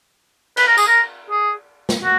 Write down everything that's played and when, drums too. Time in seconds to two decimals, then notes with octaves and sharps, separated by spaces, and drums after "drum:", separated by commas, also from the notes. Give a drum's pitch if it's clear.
0.57 B4, drum: cymbal
0.67 A#4
0.78 G#4, drum: tambourine
0.88 A#4
1.30 G#4
1.89 drum: snare
2.03 F#4